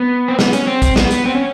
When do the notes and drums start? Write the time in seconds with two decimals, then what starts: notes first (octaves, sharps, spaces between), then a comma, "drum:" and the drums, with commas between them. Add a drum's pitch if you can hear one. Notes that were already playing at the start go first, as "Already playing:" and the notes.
Already playing: B3
0.28 C4
0.39 B3, drum: snare
0.53 C#4, drum: hi-hat
0.67 C4
0.82 drum: kick, hi-hat
0.96 B3, drum: snare
1.11 drum: hi-hat
1.25 C4
1.35 C#4